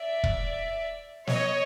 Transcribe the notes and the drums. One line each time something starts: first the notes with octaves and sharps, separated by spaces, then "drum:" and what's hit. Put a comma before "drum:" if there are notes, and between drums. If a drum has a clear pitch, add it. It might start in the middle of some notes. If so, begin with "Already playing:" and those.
Already playing: D5 E5
drum: kick
C#5 D#5, drum: snare